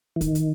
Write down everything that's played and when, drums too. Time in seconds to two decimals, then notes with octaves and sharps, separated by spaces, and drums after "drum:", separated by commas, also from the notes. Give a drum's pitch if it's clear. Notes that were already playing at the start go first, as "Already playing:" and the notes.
0.16 E3
0.21 D#3, drum: kick, hi-hat
0.35 drum: hi-hat